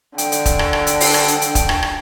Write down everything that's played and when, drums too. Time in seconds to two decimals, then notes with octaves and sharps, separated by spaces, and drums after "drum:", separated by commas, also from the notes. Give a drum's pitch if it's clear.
0.18 D3 G5, drum: hi-hat
0.32 drum: hi-hat
0.46 drum: kick, hi-hat
0.59 drum: rim click
0.73 drum: rim click
0.87 drum: hi-hat
1.00 drum: open hi-hat
1.14 drum: rim click
1.28 drum: hi-hat
1.41 drum: hi-hat
1.55 drum: kick, hi-hat
1.69 drum: rim click
1.83 drum: rim click